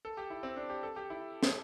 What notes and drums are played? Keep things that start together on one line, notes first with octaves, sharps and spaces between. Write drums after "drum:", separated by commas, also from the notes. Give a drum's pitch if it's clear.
A4
G4
E4
C4
D4
G4
A4
G4
E4
drum: snare